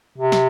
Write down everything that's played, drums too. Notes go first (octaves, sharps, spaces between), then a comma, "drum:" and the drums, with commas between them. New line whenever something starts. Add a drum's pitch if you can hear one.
C3
drum: snare